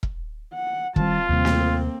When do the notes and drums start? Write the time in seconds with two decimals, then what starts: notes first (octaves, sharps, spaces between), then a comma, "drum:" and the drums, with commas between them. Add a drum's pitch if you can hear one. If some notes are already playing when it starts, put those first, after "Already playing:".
0.03 drum: kick E1
0.54 F#5
0.96 D#3 E3 G3 C4 F4 A5, drum: kick E1
1.29 D#2 C3 G3 A#3 C4
1.45 drum: snare